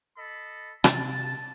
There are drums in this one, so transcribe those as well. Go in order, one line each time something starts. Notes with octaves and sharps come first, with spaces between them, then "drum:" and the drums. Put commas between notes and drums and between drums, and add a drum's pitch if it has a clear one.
A4 D#5 B5
C3 A5, drum: rim click